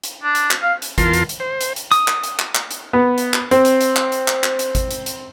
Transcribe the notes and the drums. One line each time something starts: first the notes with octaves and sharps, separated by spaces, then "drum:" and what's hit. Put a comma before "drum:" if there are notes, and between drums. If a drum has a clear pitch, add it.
drum: hi-hat
D4
drum: hi-hat
drum: clap
F5
drum: hi-hat
E2 F4 A#4 A5 C6, drum: kick G#1, hi-hat
drum: hi-hat
drum: hi-hat
C5
drum: hi-hat
drum: hi-hat
D#6, drum: hi-hat
drum: clap
drum: hi-hat
drum: clap
drum: clap
drum: hi-hat
B3
drum: hi-hat
drum: clap
C4, drum: hi-hat
drum: hi-hat
drum: hi-hat
drum: clap
drum: hi-hat
drum: clap
drum: clap
drum: hi-hat
drum: kick G#1, hi-hat
drum: hi-hat
drum: hi-hat